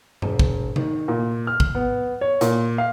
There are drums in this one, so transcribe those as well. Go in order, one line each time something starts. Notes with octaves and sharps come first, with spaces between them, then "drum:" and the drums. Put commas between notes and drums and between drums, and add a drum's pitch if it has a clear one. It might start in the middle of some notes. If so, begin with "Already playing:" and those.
E1, drum: tom G2
drum: kick G#1
D#3, drum: tom C3
A#2
F6
drum: kick G#1
B3
C#5
A#2, drum: hi-hat
F5